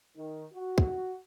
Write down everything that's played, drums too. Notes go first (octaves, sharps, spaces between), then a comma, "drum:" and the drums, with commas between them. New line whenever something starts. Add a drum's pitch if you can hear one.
D#3
F#4
drum: kick